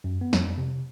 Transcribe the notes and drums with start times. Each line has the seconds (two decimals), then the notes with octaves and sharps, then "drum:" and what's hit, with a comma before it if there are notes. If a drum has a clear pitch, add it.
0.04 F#2
0.21 B3
0.33 F2, drum: snare
0.58 C3